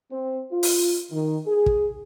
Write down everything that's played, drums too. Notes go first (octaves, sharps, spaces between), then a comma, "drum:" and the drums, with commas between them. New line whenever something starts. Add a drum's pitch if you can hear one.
C4
F4
drum: open hi-hat
D#3
G#4
drum: kick